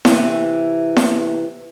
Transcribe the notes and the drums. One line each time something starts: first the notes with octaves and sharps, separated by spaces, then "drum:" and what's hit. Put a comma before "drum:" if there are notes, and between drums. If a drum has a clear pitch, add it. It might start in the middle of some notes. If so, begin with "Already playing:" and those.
C3 E3, drum: snare E4
drum: snare E4